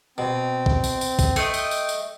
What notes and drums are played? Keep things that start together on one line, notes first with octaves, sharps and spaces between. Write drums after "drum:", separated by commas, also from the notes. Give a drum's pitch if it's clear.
B2 C4
drum: kick
drum: tambourine
drum: tambourine
drum: kick, tambourine
A3 D#5 G5 C6
drum: tambourine
drum: tambourine
drum: tambourine